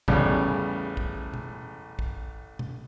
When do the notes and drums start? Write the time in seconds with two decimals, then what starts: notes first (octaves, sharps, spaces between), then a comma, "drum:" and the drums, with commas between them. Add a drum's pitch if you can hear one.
0.08 A1 E2 C#3 G3, drum: kick
0.97 drum: kick
1.34 drum: tom B2
1.99 drum: kick
2.59 drum: tom B2